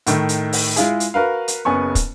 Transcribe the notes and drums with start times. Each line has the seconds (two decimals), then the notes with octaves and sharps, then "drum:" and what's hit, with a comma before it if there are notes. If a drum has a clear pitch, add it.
0.07 A2 D#3 A3, drum: hi-hat
0.29 drum: hi-hat
0.53 drum: open hi-hat
0.76 G#3 E4 F4 G#4, drum: hi-hat
1.00 drum: hi-hat
1.14 F#4 A#4 B4 F5
1.48 drum: hi-hat
1.65 F#1 C#3 B3 G#5 C#6
1.95 drum: kick, hi-hat